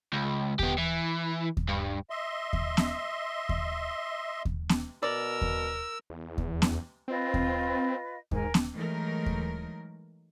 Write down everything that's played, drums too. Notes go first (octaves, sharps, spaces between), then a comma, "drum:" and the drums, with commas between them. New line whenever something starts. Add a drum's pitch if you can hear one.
C#2
B3 G4, drum: kick D#2
E3
drum: kick D#2
G2
D#5 E5 C6
drum: kick D#2
drum: snare B3
drum: kick D#2
drum: kick D#2
drum: snare B3
B2 A#4 D5 E6
drum: kick D#2
E2
drum: kick D#2
drum: snare B3
C4 F4 B4 D#5
drum: kick D#2
G#2 A#4 G#5, drum: kick D#2
drum: snare B3
E3 F#3 G#3 A3 D#4 A#4
drum: kick D#2